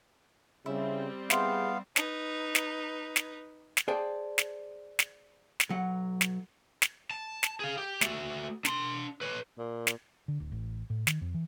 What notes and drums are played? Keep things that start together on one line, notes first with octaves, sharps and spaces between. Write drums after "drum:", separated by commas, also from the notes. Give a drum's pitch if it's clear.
C#3 G3 C4 E4 E5 B5
B3 E4 G#4 C5 F5 G5, drum: snare
D#4 B4, drum: snare
drum: snare
drum: snare
drum: snare
G#4 C5 D5 G5 A5
drum: snare
drum: snare
drum: snare
B1 F#3 F#5
drum: snare
drum: snare
A5
drum: snare
G#4 F5
G4
A3 F#4, drum: snare
D4 C6, drum: snare
B4 C#5
A#2
drum: snare
D3
D1
A1
A2
D#3, drum: snare
F2
E3